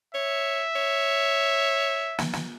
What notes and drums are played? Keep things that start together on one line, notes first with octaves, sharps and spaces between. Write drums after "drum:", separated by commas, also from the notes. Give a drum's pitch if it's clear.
C#5 E5
C#5
drum: snare
drum: snare